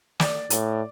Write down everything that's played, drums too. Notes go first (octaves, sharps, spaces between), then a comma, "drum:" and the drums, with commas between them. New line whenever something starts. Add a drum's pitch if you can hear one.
D5, drum: snare
A2, drum: hi-hat